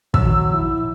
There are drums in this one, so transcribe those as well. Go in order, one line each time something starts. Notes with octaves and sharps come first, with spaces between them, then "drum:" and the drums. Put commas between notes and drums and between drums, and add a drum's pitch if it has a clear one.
A#2 D#3 F3 F#3 E6, drum: kick
E4